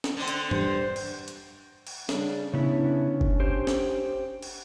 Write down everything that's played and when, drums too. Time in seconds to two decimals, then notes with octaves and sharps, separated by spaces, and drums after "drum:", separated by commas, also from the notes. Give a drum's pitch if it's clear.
0.04 drum: snare
0.17 D3 C4
0.28 drum: hi-hat
0.51 G2 C5, drum: tom G2
0.96 drum: cymbal
1.28 drum: hi-hat
1.87 drum: cymbal
2.09 C#3 G3 D4, drum: snare
2.53 C#3 B3 C#4 D4 E4
3.21 drum: kick F#1
3.40 G4 C5
3.67 drum: snare
4.42 drum: cymbal